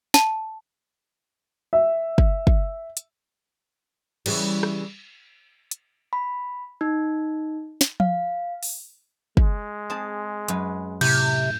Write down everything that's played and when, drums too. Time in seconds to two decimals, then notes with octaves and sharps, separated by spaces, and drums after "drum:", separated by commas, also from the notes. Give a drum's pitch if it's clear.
0.14 A5, drum: snare
1.73 E5
2.18 drum: kick
2.47 drum: kick
2.97 drum: hi-hat
4.26 C#3 E3 G3, drum: cymbal
4.63 drum: rim click
5.71 drum: hi-hat
6.13 B5
6.81 D#4
7.81 drum: snare
8.00 F5, drum: tom F3
8.63 drum: open hi-hat
9.37 G#3, drum: kick
9.90 C4 G#4 A5
10.48 F#2 B4 G#5, drum: hi-hat
11.01 A2 C3 G6, drum: cymbal